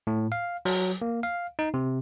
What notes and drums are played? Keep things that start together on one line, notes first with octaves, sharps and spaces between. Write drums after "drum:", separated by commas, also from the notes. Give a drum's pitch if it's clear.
A2
F5
F#3, drum: open hi-hat
A#3
F5
D#4
C3